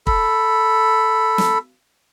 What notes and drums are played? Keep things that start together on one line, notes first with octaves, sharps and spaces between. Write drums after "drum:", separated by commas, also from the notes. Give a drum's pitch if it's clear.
A4 B5, drum: kick
drum: snare